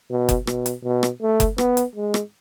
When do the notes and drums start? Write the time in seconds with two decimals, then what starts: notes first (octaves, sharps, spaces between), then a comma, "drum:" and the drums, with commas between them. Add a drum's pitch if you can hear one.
0.10 B2
0.29 drum: kick F#1, hi-hat
0.47 B2, drum: rim click
0.66 drum: hi-hat
0.84 B2
1.03 drum: rim click
1.22 A3
1.40 drum: kick F#1, hi-hat
1.58 B3, drum: rim click
1.77 drum: hi-hat
1.95 G#3
2.14 drum: rim click